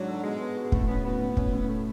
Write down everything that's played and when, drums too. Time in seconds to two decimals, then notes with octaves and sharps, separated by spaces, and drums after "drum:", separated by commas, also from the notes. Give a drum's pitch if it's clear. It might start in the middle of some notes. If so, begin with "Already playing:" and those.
Already playing: G#2 F#3 D4 F#4
0.08 A4
0.24 B2 G#3
0.40 B3
0.57 F#4
0.63 G#3
0.72 A2 A3, drum: kick
0.88 B3 C#4
1.05 B3 F#4
1.21 A2
1.37 C#4, drum: kick
1.53 A2
1.68 A3